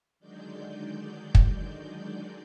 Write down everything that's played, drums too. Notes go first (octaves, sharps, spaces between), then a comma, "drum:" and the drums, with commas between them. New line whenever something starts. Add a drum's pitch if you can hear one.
D3 D#3 F#3 G#3 D5 G6
drum: kick